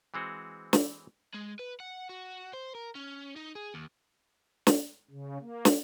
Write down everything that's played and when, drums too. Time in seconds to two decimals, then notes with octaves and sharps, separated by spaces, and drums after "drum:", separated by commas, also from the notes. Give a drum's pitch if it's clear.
0.14 E3 G#3 C4 F#4
0.73 drum: snare
1.35 G#3
1.59 B4
1.80 F#5
2.09 F#4
2.53 C5
2.75 A#4
2.95 C#4
3.36 D#4
3.55 G#4
3.74 D#2
4.67 drum: snare
5.11 C#3
5.40 A#3
5.65 drum: snare